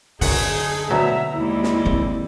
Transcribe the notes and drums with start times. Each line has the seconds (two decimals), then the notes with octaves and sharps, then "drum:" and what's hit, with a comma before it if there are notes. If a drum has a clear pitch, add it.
0.21 F#2 D3 D#4 G#4 A4 F#5, drum: open hi-hat
0.91 D2 B2 F#3 E5 A#5
1.34 D#2 G3 G#3 E4
1.63 drum: snare
1.85 D#3 C4